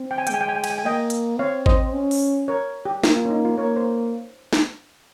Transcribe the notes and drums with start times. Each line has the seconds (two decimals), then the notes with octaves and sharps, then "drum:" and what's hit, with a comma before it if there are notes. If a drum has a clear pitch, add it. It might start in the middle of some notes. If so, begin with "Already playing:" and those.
Already playing: C4
0.11 G5
0.18 G#5
0.27 G5, drum: hi-hat
0.30 G#3 G#5
0.41 G5
0.49 G#5
0.55 G5
0.64 G#5, drum: cymbal
0.70 G5
0.78 G#5
0.84 A#3 D#5 G5
1.10 drum: hi-hat
1.39 C4 C#5 F5
1.66 C5 D#5, drum: kick
1.93 C#4
2.11 drum: open hi-hat
2.48 A#4 C#5
2.85 G4
3.04 A#3 F4, drum: snare
3.17 F4
3.25 C#4
3.30 D#4
3.45 F4
3.58 A#3 A#4 C#5
3.76 C5
4.53 drum: snare